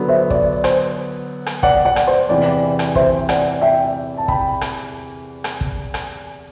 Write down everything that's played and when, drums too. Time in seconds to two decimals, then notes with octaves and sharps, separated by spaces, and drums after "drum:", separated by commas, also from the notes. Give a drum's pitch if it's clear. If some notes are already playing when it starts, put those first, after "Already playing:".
Already playing: D3 F#3 B3 F#4
0.08 C5 E5
0.30 D5, drum: kick
0.64 C5, drum: rim click
1.46 drum: rim click
1.63 D5 F#5, drum: kick
1.85 D5 F#5
1.96 drum: rim click
2.07 C5
2.29 E2 C3 E3 D5
2.79 drum: rim click
2.95 C5 E5, drum: kick
3.29 D5 F#5, drum: rim click
3.61 E5 G5
4.17 A5
4.28 G5 B5, drum: kick
4.61 drum: rim click
5.44 drum: rim click
5.61 drum: kick
5.94 drum: rim click